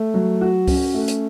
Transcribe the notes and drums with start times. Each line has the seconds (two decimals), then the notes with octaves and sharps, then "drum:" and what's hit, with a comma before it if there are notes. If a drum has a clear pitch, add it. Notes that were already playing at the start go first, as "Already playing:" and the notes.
Already playing: A3
0.14 F#3
0.41 F#4
0.67 C#4, drum: kick C#2, open hi-hat
0.94 A3
1.08 drum: hi-hat